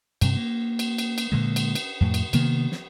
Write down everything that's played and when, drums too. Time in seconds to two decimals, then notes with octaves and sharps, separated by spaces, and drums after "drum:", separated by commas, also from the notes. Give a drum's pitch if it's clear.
0.21 G2 C3, drum: cymbal
0.37 A#3
0.79 drum: cymbal
0.98 drum: cymbal
1.18 drum: cymbal
1.32 A#2 D3 G#3
1.56 drum: cymbal
1.75 drum: cymbal
2.01 F2 A2
2.14 drum: cymbal
2.33 C3 D#3 A#3 B3, drum: cymbal
2.72 drum: snare